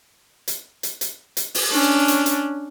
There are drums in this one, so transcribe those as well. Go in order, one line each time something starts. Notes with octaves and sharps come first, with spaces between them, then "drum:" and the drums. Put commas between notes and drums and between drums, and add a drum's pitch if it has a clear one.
drum: hi-hat
drum: hi-hat
drum: hi-hat
drum: hi-hat
drum: open hi-hat
C#4 D4
drum: hi-hat
drum: hi-hat